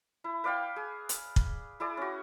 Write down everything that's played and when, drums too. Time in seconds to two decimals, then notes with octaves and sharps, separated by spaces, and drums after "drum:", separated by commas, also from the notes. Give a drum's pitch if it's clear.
0.24 E4
0.44 B4 D5 F5 G5
0.76 G#4
1.09 drum: hi-hat
1.36 drum: kick
1.80 E4 G#4 D5
1.97 C#4 F#4